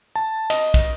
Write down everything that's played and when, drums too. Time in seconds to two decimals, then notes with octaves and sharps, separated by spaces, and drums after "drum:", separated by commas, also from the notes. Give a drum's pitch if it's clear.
0.16 A5
0.50 D#5, drum: cymbal
0.74 drum: kick, cymbal